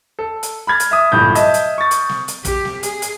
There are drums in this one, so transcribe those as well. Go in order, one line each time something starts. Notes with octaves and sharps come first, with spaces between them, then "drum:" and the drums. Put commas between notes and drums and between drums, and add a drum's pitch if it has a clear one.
A4
drum: hi-hat
B5 F6 G#6 A6
drum: hi-hat
E5 D#6
D1 A#1 G2 G6
D#5 E5 A5, drum: hi-hat
drum: hi-hat
C#6 A6
drum: hi-hat
drum: snare
drum: hi-hat
G4, drum: kick, hi-hat
drum: snare
G#4, drum: hi-hat
drum: hi-hat